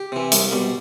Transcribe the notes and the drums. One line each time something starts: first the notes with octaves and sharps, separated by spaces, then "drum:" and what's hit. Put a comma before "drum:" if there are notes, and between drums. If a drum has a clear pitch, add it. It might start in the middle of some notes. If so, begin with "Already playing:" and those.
Already playing: G4
C3 E3
C2, drum: hi-hat
B2 G3